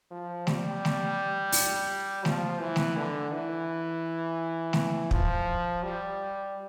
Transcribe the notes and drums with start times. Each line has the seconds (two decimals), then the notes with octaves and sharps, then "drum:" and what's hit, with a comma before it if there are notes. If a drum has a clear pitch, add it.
0.11 F3
0.47 G3, drum: snare A3
0.85 drum: snare A3
1.52 drum: open hi-hat
2.25 F3, drum: snare A3
2.61 E3
2.76 drum: snare A3
2.97 D3
3.32 E3
4.73 drum: snare A3
5.11 F3, drum: kick
5.83 G3